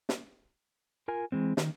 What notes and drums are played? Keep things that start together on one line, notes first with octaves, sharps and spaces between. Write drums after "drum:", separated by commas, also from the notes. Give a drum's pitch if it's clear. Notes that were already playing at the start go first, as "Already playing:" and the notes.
drum: snare
F4 A#4 G#5
E3 G#3 C4
D#3, drum: snare